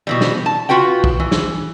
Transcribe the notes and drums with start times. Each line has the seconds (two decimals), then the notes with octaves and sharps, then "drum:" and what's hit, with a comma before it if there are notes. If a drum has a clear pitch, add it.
0.07 B2 E3 G3
0.21 drum: snare
0.46 A5
0.69 F4 F#4 B4 G5
1.04 drum: kick
1.20 E3
1.31 drum: snare